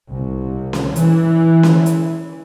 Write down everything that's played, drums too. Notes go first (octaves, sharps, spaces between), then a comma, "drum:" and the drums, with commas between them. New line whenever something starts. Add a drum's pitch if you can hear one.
C2
drum: snare C#4
E3, drum: hi-hat
drum: snare C#4
drum: hi-hat